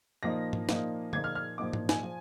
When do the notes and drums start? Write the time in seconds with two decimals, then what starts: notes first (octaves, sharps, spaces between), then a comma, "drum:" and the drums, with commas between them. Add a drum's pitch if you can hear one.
0.23 A#2 F3 A#3 D#4 A#6
0.53 drum: tom G#2
0.69 A#2 F3 A#3 D#4, drum: snare
1.13 A#2 F3 A#3 D#4 G#6, drum: tom D3
1.24 F6
1.35 F6
1.58 A#2 F3 A#3 D#4 D6
1.73 drum: tom G#2
1.89 G#5, drum: snare
2.03 F3